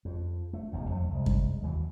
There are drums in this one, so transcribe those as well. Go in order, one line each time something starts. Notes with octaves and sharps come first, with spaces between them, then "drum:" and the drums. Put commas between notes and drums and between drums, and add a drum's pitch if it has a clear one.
F2
A3
E1 B1 E2
F2 A3
C2 G#3
drum: kick F#2
D#2 E3 F#3